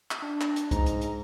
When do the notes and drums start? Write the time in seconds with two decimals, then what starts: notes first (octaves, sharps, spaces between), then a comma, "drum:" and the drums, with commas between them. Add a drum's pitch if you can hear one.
0.11 drum: clap
0.22 D4
0.41 drum: clap
0.56 drum: hi-hat
0.71 G#2 A#5, drum: kick C2, hi-hat
0.86 drum: hi-hat
1.01 drum: hi-hat